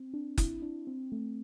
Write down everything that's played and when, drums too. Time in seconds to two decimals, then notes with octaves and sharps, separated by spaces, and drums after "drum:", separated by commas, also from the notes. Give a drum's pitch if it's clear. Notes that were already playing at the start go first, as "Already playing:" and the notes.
Already playing: C4
0.14 D4
0.38 E4, drum: kick F#1, hi-hat
0.62 D4
0.87 C4
1.12 A3